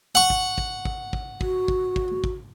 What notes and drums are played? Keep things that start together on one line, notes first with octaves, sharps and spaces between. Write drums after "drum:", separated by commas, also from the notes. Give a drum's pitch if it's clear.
F#5 C#6
drum: kick
drum: kick
drum: kick
drum: kick
F#4, drum: kick
drum: kick
drum: kick
drum: kick